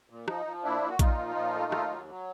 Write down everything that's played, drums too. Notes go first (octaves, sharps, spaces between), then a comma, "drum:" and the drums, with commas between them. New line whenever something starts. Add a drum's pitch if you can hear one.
A#2
F3 D#4, drum: rim click
F3
A#2 D4 E4
A#2
F#4
A#2 D#4 F4, drum: kick A#1, hi-hat
F3
A#2
A3
D#2, drum: rim click
F#3
F#3